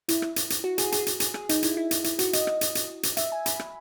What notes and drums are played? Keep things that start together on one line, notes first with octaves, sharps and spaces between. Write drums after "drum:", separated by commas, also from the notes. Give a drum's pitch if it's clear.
E4, drum: hi-hat
drum: rim click
drum: hi-hat
drum: hi-hat
F#4
G#4, drum: hi-hat
G#4, drum: hi-hat
drum: hi-hat
G#4, drum: hi-hat
G#4, drum: rim click
D#4, drum: hi-hat
E4, drum: hi-hat
E4
drum: hi-hat
E4, drum: hi-hat
F#4, drum: hi-hat
D#5, drum: hi-hat
drum: rim click
drum: hi-hat
drum: hi-hat
drum: hi-hat
E5, drum: hi-hat
G#5
B5, drum: hi-hat
drum: rim click